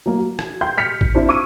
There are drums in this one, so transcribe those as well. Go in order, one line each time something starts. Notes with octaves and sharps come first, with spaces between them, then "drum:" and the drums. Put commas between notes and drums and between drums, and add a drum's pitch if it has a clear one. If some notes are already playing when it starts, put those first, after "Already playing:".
F#3 A#3
F#4
drum: rim click
G5 C6 G6
F6 B6 C#7 F7
drum: kick A1
C4 D4 E4 C5
C#6 D6 E6 F6 G#6 D#7